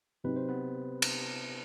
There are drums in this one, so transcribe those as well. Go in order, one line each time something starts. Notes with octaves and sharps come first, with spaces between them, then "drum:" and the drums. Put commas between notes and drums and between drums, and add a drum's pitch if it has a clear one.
C3 F#3 C4 D#4 B4
C5
B3 B4
drum: cymbal